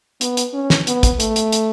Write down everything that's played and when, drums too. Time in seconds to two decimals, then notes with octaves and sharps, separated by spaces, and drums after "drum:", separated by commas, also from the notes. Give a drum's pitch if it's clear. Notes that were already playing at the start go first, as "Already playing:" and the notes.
0.21 B3, drum: hi-hat
0.37 drum: hi-hat
0.53 C#4
0.70 drum: snare
0.87 B3, drum: hi-hat
1.03 drum: kick, hi-hat
1.20 A3, drum: hi-hat
1.36 drum: hi-hat
1.52 drum: hi-hat